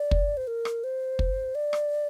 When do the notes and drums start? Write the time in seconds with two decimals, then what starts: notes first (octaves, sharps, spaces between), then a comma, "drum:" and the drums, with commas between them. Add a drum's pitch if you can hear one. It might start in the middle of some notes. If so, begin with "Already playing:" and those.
Already playing: D5
0.11 drum: kick
0.37 C5
0.47 A#4
0.65 drum: rim click
0.84 C5
1.19 drum: kick
1.55 D5
1.73 drum: rim click